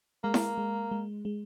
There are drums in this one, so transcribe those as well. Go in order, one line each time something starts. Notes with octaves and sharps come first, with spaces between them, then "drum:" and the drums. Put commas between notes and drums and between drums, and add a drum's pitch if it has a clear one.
G#3 A#3
drum: snare E4
G#3
G#3
G#3